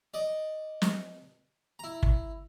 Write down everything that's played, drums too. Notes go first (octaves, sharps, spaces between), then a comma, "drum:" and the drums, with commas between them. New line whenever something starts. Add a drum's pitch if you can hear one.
D5 D#5
drum: snare
E4 A#5
drum: kick